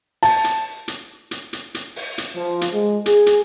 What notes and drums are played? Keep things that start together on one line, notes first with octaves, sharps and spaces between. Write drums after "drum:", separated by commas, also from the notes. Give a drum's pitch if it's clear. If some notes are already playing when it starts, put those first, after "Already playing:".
A5, drum: open hi-hat
drum: hi-hat
drum: hi-hat
drum: hi-hat
drum: hi-hat
drum: hi-hat
drum: open hi-hat
drum: hi-hat
F3
drum: hi-hat
G#3
G#4, drum: hi-hat
drum: hi-hat